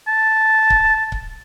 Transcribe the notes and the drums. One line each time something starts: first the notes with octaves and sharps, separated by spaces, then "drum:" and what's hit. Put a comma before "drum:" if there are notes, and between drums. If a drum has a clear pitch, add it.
A5
drum: kick C#1
drum: kick C#1